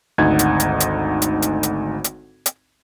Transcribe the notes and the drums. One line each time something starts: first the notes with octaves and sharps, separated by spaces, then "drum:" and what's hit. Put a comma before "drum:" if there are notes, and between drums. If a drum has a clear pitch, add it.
G#1 D2 D#4 F#5 G#6
drum: hi-hat
drum: hi-hat
drum: hi-hat
drum: hi-hat
drum: hi-hat
drum: hi-hat
drum: hi-hat
drum: hi-hat